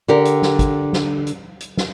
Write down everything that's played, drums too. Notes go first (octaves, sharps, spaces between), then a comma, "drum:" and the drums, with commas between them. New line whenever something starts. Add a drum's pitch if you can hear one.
D3 G4 A#4
drum: hi-hat
drum: snare
drum: kick, hi-hat
drum: snare
drum: hi-hat
drum: hi-hat
drum: snare